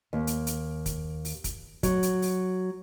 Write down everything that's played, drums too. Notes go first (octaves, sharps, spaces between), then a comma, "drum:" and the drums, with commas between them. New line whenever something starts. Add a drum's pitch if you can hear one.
D#2
drum: hi-hat
drum: hi-hat
drum: kick, hi-hat
drum: open hi-hat
drum: kick, hi-hat
F#3, drum: kick, hi-hat
drum: hi-hat
drum: open hi-hat